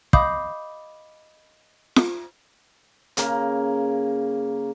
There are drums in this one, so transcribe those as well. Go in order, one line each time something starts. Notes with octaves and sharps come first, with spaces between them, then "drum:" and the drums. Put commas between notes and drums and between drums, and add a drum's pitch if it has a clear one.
D#5 F5 B5 D6 D#6 G6, drum: kick
drum: snare
C#3 A#3, drum: hi-hat